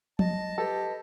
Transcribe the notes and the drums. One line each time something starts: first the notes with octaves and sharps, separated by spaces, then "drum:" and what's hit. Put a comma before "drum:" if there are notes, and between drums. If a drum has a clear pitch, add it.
D#5 A5, drum: tom F3
G4 A4 B4